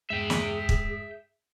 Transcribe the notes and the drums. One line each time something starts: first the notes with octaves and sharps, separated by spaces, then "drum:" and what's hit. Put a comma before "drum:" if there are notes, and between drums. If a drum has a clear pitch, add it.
E2 G2 G#3 G#4 E5 G5
drum: snare
drum: kick